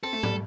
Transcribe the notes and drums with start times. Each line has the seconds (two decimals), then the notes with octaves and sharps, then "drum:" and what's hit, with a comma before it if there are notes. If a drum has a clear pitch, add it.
0.03 C4 A4
0.13 A3
0.23 G3, drum: tom G#2